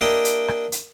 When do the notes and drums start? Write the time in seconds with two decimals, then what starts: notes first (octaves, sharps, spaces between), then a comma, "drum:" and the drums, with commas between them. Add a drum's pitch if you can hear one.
0.01 A#3 D4 E4 G4 D#5
0.25 drum: hi-hat
0.48 drum: rim click
0.72 drum: hi-hat